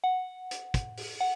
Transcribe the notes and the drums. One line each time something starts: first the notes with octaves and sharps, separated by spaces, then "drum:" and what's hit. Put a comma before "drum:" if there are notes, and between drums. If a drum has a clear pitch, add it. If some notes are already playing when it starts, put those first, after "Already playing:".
F#5
drum: hi-hat
drum: kick, hi-hat
drum: open hi-hat
F#5